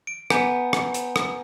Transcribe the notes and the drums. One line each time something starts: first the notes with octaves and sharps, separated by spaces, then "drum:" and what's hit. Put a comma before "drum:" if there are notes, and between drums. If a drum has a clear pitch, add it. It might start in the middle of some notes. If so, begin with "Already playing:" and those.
D7
B3 G#5 A#5 G6, drum: rim click
drum: rim click
drum: hi-hat
drum: rim click